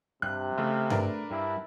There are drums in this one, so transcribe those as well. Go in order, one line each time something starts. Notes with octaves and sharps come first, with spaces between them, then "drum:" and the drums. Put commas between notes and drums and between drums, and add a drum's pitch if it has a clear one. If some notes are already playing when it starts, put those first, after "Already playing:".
G2 C3 F#6
C#3 A3
D4 A#4 B4, drum: tom G2
G2 E4